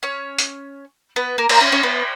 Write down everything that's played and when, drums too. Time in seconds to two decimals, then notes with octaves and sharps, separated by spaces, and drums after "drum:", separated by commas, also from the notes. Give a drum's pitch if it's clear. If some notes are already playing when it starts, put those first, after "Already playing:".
0.03 C#4 C#5
0.39 drum: hi-hat
1.16 B3 B4
1.38 A#3 A#4
1.49 A#3 A#4, drum: cymbal
1.61 C#4 C#5
1.72 C#4 C#5
1.83 B3 B4